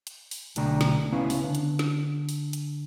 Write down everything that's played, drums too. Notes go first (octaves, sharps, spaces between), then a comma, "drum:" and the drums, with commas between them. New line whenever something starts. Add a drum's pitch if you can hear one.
drum: hi-hat
drum: open hi-hat
B1 D3 A3 D4 G5 A#5, drum: hi-hat
drum: snare
C#2 B3 C#4 E4 B4 F5
drum: open hi-hat
D3
drum: hi-hat
drum: snare
drum: open hi-hat
drum: hi-hat